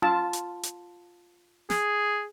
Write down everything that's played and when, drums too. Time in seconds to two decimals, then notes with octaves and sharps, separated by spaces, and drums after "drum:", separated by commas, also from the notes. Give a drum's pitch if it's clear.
0.02 F4 A5, drum: tom C#4
0.33 drum: hi-hat
0.63 drum: hi-hat
1.70 G#4, drum: snare